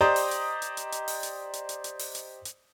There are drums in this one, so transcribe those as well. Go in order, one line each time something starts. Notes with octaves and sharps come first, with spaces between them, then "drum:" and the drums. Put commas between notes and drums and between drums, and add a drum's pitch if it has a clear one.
G4 C5 D5 D#5 A#5 D#6
drum: open hi-hat
drum: hi-hat
drum: hi-hat
drum: hi-hat
drum: hi-hat
drum: open hi-hat
drum: hi-hat
drum: hi-hat
drum: hi-hat
drum: hi-hat
drum: open hi-hat
drum: hi-hat
drum: hi-hat